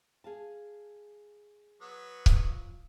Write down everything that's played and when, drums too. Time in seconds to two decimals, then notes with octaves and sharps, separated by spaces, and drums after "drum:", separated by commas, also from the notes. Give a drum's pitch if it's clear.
0.24 G#4 F5 A5
1.81 F#3 B3
2.26 F3, drum: kick C#1